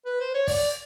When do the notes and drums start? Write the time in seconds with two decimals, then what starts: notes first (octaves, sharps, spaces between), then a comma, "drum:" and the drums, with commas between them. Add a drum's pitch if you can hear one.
0.05 B4
0.20 C5
0.35 C#5
0.47 D5, drum: kick, open hi-hat